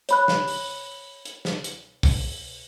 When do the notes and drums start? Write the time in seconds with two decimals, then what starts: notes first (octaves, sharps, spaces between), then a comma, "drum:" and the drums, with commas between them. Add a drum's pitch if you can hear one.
0.09 C#5 B5 F#6, drum: hi-hat
0.28 drum: snare
0.48 drum: open hi-hat
1.25 drum: hi-hat
1.45 drum: snare
1.64 drum: hi-hat
2.03 drum: kick, open hi-hat